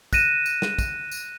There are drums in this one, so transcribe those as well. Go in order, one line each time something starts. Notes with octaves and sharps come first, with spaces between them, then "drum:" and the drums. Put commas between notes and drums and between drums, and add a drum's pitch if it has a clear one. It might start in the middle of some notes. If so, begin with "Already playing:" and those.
F#6 A#6 D#7 E7, drum: kick, tambourine
drum: tambourine
drum: snare
drum: kick, tambourine
drum: tambourine